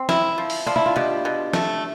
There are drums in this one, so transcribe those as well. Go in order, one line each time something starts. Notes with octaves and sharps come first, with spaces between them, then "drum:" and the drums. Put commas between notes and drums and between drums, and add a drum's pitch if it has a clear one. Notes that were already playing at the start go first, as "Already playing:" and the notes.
Already playing: C4
E4, drum: snare
F3
drum: open hi-hat
F3 D4
E4
F4
B2 G4
B2
A3, drum: snare